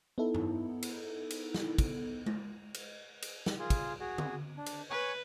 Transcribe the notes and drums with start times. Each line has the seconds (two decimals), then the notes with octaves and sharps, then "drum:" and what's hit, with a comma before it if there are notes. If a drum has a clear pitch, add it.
0.18 B3 D#4 E4 A4
0.35 drum: tom G2
0.83 drum: cymbal
1.30 drum: cymbal
1.54 drum: snare
1.78 drum: kick, cymbal
2.26 drum: tom G#3
2.74 drum: cymbal
3.22 drum: cymbal
3.46 drum: snare
3.59 F4 G#4
3.70 drum: kick, cymbal
4.00 F#4 G#4
4.18 drum: tom D3
4.57 D4
4.66 drum: cymbal
4.90 B4 C#5 G#5 C#6